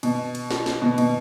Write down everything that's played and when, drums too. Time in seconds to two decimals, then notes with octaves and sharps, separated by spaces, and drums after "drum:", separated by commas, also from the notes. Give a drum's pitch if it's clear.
0.03 B2, drum: cymbal
0.35 drum: cymbal
0.51 drum: snare
0.66 drum: snare
0.82 B2
0.98 B2, drum: cymbal